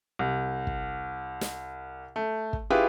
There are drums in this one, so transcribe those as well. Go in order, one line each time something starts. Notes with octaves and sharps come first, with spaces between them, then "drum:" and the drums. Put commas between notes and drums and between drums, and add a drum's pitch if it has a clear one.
C2
drum: kick
drum: snare
A3
drum: kick
E4 F4 G4 G#4 B4